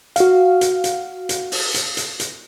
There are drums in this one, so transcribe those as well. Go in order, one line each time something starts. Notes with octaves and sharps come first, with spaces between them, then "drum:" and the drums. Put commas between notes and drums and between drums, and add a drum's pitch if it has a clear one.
F#4 F5, drum: hi-hat
drum: hi-hat
drum: hi-hat
drum: hi-hat
drum: open hi-hat
drum: hi-hat
drum: hi-hat
drum: hi-hat